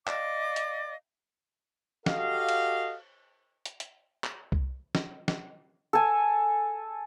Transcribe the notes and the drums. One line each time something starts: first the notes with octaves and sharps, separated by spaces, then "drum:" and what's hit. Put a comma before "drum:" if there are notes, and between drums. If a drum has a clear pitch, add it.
D5 D#5 F5 D6, drum: clap
drum: hi-hat
F#4 G4 A4 D#5 F5, drum: snare
drum: cymbal
drum: hi-hat
drum: hi-hat
drum: clap
drum: kick C2
drum: snare
drum: snare
A4 G#5